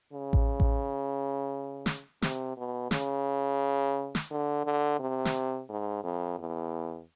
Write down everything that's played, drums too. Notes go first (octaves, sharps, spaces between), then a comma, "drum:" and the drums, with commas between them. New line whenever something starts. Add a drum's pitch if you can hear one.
C#3
drum: kick A1
drum: kick A1
drum: snare
C3, drum: snare
B2
C#3, drum: snare
drum: snare
D3
D3
C3
drum: snare
G#2
F2
E2